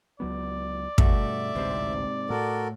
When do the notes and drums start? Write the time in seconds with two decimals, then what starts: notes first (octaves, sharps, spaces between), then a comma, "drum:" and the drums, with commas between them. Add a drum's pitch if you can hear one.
0.20 C#2 F#3 B3 D5
0.98 G2 B2 A3 F#4 E5, drum: kick
1.55 A1 D2 G#2 C3 C4
2.30 A2 A3 F#4 A4 A#4